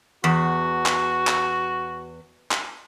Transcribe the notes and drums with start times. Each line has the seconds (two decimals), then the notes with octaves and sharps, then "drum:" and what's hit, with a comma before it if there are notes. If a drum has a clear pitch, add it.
0.24 E2 F#4
0.86 drum: clap
1.27 drum: clap
2.51 drum: clap